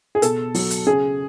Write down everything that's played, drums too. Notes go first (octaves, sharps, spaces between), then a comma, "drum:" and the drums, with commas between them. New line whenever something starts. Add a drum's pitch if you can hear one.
G#4
B2 A4, drum: hi-hat
F#3, drum: open hi-hat
drum: hi-hat
C#3 G#4